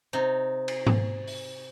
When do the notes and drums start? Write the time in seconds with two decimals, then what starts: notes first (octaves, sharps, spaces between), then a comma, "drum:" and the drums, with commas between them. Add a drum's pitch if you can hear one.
0.13 C3 D#4
0.68 drum: cymbal
0.87 drum: tom G#2
1.27 drum: open hi-hat